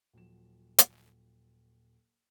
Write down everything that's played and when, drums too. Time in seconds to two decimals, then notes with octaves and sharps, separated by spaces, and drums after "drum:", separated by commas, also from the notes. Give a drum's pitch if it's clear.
0.14 D#1 F3 F#3 E7
0.78 drum: hi-hat